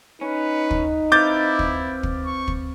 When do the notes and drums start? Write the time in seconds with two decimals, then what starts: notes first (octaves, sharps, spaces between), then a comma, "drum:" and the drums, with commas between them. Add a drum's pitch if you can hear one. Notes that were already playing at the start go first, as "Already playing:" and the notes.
0.21 C#4 D#4 B4
0.71 drum: kick
1.12 C4 E4 B4 F5 D6 G6 A6
1.59 drum: kick
2.03 drum: kick
2.25 C#6
2.48 drum: kick